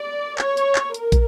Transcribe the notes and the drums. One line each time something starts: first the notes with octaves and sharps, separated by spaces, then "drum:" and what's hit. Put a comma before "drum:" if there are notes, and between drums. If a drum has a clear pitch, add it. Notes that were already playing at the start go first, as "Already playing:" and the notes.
Already playing: D5
C#5, drum: clap
drum: hi-hat
drum: clap
A#4, drum: hi-hat
drum: kick, hi-hat